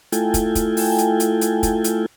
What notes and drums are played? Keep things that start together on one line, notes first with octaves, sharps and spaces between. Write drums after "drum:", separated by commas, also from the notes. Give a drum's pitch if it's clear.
A3 E4 F4 A4 G5 G#5, drum: hi-hat
drum: kick, hi-hat
drum: kick, hi-hat
drum: open hi-hat
drum: hi-hat
drum: hi-hat
drum: hi-hat
drum: kick, hi-hat
drum: hi-hat